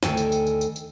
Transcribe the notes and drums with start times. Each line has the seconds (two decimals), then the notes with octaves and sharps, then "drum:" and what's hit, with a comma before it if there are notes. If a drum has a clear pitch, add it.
0.03 D2 D#3 A4 G5 G#5, drum: snare
0.17 drum: tambourine
0.32 drum: tambourine
0.47 drum: tambourine
0.61 drum: tambourine
0.76 drum: tambourine